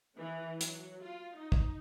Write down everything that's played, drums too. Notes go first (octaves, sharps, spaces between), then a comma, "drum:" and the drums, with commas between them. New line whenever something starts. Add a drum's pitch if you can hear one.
E3
F#3, drum: hi-hat
F4
D#4
drum: kick